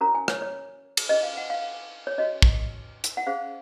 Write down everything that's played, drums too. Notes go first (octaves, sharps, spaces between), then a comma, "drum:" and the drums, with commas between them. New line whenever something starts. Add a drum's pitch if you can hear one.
C#4 F#4 A#4 C#5 A#5
G#5
C#5, drum: rim click
C#5
drum: cymbal
C#4 F4 G#4 C5 D#5
F5
F#5
F5
C#5
C#4 F#4 C#5 D#5
drum: kick
drum: hi-hat
F#5
C#4 G#4 C5 F5